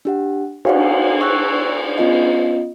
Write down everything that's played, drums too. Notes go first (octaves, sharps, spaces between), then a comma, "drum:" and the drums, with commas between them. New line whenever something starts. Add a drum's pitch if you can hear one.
D4 G4 F#5
F#4 F5 F#5, drum: cymbal
C#6 E6 F#6
B3 C#4 F4 D#5 F5